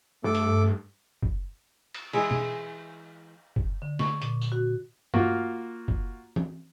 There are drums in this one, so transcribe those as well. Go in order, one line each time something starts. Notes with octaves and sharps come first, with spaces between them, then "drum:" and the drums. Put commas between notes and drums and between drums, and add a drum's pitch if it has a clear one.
G2 A3 A4 D6
drum: hi-hat
drum: kick
drum: cymbal
E3 G#3 E4, drum: cymbal
drum: tom
drum: kick
D3
C#6, drum: snare
A#2, drum: hi-hat
drum: tambourine
F#4
A#3 F4 F#4, drum: tom
drum: kick
drum: tom